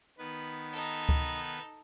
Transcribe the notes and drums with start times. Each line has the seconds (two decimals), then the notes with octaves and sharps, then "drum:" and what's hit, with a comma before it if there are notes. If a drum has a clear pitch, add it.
0.18 D#3 B3 B4
0.72 D#4 A4
1.09 drum: kick C#2